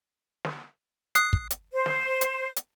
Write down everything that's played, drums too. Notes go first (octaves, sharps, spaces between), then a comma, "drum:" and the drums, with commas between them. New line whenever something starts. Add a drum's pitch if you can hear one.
drum: snare
D#6 F#6 C7, drum: hi-hat
drum: kick
drum: hi-hat
C5
drum: snare
drum: hi-hat
drum: hi-hat